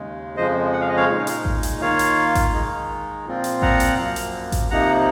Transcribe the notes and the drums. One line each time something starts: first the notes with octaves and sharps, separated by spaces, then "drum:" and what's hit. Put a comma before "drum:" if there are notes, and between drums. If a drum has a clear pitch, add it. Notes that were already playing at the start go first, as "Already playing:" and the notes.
Already playing: D#2 C#3 G#3
F2 C#3 F3 G#3 C5 D#5
F#5
F5
D#5
C#5 F5
A#2 G#3 D#4
drum: hi-hat
drum: kick A1
drum: hi-hat
D#3 A#3 F4 C#5 F5
drum: hi-hat
drum: kick A1, hi-hat
D#3 G#3 D#4
A#2 F3 C4 F4
drum: hi-hat
F#5 A#5, drum: kick A1
drum: hi-hat
F#2 F3 A#3
drum: hi-hat
drum: kick A1, hi-hat
C3 F3 A#3 D#4 F#5 A#5